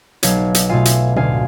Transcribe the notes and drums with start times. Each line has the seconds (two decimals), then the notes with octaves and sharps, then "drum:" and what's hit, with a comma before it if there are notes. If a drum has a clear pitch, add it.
0.23 B1 C#5 F5, drum: hi-hat
0.54 drum: hi-hat
0.69 B2 A3 F4 F5 G#5
0.85 drum: hi-hat
1.16 D2 F5 G#5, drum: tom